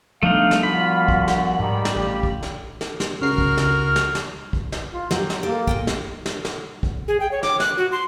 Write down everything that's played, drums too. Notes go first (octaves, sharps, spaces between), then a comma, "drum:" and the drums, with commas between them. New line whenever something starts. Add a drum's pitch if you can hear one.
F3 G3 A3 B3 D4 D#4 F5
drum: snare
A#2 D3 F4 F#4 B5
drum: kick
drum: snare
C#2 G#2 D#3 G3
drum: snare
A1 F4 G4
drum: kick
drum: snare
drum: snare
drum: snare
C#2 C#3 F#4 A#4 F6 C7
drum: kick
drum: snare
drum: snare
drum: snare
drum: kick
drum: snare
F4
F#3 G4, drum: snare
drum: snare
A#3 G4 A4
A#2 D#5 G5, drum: kick
drum: snare
drum: snare
drum: snare
drum: kick
G#4
G5
C#5
D6, drum: snare
F#6, drum: snare
F#4
C6